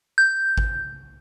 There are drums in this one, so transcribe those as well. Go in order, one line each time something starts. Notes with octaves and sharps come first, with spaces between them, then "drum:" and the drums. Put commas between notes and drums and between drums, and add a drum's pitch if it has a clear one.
G6
drum: kick G#1